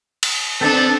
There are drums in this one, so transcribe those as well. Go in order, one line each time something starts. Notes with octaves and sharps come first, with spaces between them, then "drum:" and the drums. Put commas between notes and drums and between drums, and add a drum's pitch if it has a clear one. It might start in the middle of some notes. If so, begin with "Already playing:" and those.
drum: cymbal
B3 C4 D4 A4